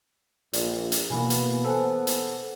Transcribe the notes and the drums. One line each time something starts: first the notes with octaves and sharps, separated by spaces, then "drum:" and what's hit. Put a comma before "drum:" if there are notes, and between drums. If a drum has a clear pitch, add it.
A#1 D5, drum: hi-hat
drum: hi-hat
B2 E3 A#3 B3 G#5 B5
drum: hi-hat
A4 C5 F#5 G#5
drum: hi-hat